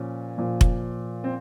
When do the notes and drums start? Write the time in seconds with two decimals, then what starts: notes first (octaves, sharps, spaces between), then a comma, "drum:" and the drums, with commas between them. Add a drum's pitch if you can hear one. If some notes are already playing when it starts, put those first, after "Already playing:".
Already playing: A#2 F3 C#4
0.38 A#2 F3
0.61 drum: kick F1
1.24 C4